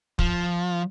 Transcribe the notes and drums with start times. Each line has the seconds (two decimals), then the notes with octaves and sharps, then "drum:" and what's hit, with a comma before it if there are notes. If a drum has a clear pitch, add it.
0.19 F3, drum: kick